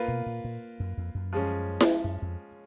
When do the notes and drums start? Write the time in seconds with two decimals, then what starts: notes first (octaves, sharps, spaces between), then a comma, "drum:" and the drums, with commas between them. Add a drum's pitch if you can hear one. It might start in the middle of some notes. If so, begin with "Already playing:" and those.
Already playing: A#3 F4 B4
0.08 B2
0.26 A#2
0.44 A#2
0.80 F#2
0.98 F2
1.15 F#2
1.33 F3 G#3 C#4
1.81 drum: snare E4
2.04 F#2
2.22 F2